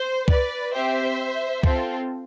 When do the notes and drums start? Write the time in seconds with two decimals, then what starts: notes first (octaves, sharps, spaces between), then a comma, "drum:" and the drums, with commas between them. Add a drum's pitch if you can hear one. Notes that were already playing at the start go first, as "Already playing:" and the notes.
Already playing: C5
0.28 B4 D5, drum: kick C2
0.73 C4 G4 C5 E5
1.63 C4 F4 A4, drum: kick C2